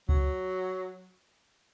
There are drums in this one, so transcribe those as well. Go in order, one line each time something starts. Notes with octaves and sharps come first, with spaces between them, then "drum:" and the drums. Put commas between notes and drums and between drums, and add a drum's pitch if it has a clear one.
F#3, drum: kick C#2